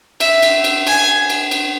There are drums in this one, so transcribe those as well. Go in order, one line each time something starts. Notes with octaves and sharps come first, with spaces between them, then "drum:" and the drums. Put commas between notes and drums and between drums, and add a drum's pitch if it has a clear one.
E5, drum: cymbal
drum: cymbal
drum: cymbal
G#5, drum: cymbal
drum: cymbal
drum: cymbal